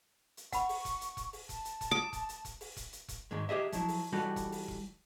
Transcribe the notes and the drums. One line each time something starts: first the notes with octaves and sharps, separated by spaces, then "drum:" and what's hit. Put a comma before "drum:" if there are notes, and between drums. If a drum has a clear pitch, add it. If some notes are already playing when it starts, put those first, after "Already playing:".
drum: hi-hat
F#5 B5 C#6, drum: kick E1, hi-hat
drum: open hi-hat
drum: kick E1, hi-hat
drum: hi-hat
drum: kick E1, hi-hat
drum: open hi-hat
A5, drum: kick E1, hi-hat
drum: hi-hat
drum: kick E1, hi-hat
D6 D#6
drum: kick E1, hi-hat
drum: hi-hat
drum: kick E1, hi-hat
drum: open hi-hat
drum: kick E1, hi-hat
drum: hi-hat
drum: kick E1, hi-hat
G#2 D#3 G#3
G4 G#4 D#5 E5
F3 F#3 E4, drum: kick E1, hi-hat
drum: open hi-hat
E3 G3 D#4 F#4 A4
drum: kick E1, hi-hat
drum: open hi-hat
drum: kick E1